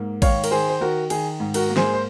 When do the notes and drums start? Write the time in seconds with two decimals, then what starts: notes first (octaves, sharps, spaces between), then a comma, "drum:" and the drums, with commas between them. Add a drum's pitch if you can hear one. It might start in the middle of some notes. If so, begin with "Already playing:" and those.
Already playing: G#2 A#3
0.22 D#3 C#5 F5, drum: kick A1, cymbal
0.44 A#4, drum: cymbal
0.51 D#3 G#4 C5
0.70 C5
0.80 D#3 F#4 A#4
1.10 D#3 G#4, drum: cymbal
1.40 G#2
1.54 F#4 A#4, drum: cymbal
1.69 A#3
1.77 G#4 C5, drum: snare
1.94 C5